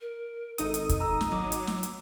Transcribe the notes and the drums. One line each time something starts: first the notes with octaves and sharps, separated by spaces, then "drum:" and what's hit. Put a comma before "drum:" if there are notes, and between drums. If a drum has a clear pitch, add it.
A#4
G#1 D#4 A4 D#6, drum: hi-hat
drum: hi-hat
drum: kick, hi-hat
A#5 E6
drum: snare
F#3 D6
drum: hi-hat
drum: snare
drum: hi-hat